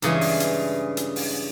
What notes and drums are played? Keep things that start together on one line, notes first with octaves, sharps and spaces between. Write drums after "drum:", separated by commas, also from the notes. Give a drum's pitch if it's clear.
G2 C#3 E3 G#3, drum: hi-hat
drum: open hi-hat
drum: hi-hat
drum: hi-hat
drum: open hi-hat